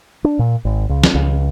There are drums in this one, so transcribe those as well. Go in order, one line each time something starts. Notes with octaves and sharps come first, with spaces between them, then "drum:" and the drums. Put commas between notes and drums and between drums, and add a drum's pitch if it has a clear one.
D4
A#2
G#1
C#2
drum: snare
C#2